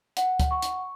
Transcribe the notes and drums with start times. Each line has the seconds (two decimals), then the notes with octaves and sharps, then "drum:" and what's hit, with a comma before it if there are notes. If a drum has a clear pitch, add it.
0.17 F#5, drum: hi-hat
0.40 drum: kick C#2, hi-hat
0.51 C#6
0.62 drum: hi-hat